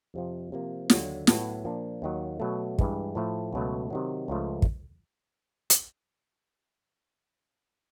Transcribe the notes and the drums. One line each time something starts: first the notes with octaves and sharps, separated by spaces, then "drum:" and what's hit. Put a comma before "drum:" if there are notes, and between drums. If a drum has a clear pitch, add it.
F2 C3 F3
C3 F3 A#3
D#2 D3 F#3, drum: snare
A2 F#3 B3 E4, drum: snare
A#2 F3 A#3 D4 F4
D#2 D#3 F#3
B2 F#3 A3
G2 E3 G#3, drum: kick
A2 F3 A3
C#2 B2 F#3 A3
C3 D#3 F#3
C#2 C#3 F3 A3
drum: kick
drum: hi-hat